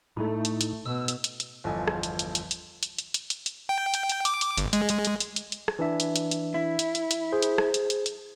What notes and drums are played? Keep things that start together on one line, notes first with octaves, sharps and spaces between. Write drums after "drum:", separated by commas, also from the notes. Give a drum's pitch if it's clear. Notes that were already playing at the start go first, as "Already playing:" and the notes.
A2 A3 D#4 E4
drum: hi-hat
drum: hi-hat
B2 E6
drum: hi-hat
drum: hi-hat
drum: hi-hat
G1 E2 F3 A4 D#5 G#5
drum: rim click
drum: hi-hat
drum: hi-hat
drum: hi-hat
drum: hi-hat
drum: hi-hat
drum: hi-hat
drum: hi-hat
drum: hi-hat
drum: hi-hat
G5
drum: hi-hat
drum: hi-hat
D6, drum: hi-hat
drum: hi-hat
G1, drum: hi-hat
G#3, drum: hi-hat
drum: hi-hat
drum: hi-hat
drum: hi-hat
drum: hi-hat
drum: hi-hat
drum: rim click
E3 D4 E5
drum: hi-hat
drum: hi-hat
drum: hi-hat
E4
drum: hi-hat
drum: hi-hat
drum: hi-hat
G#4 C5
drum: hi-hat
drum: rim click
drum: hi-hat
drum: hi-hat
drum: hi-hat